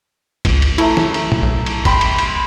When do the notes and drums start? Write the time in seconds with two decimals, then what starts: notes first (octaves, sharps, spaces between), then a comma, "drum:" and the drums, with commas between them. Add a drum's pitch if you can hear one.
0.45 C#2, drum: kick G#1, cymbal
0.62 drum: cymbal
0.78 A3 E4 A#5, drum: cymbal
0.97 drum: snare
1.14 drum: cymbal
1.32 drum: tom
1.43 B1
1.66 drum: cymbal
1.85 G5 B5 C6, drum: kick G#1, cymbal
2.01 drum: cymbal
2.18 drum: cymbal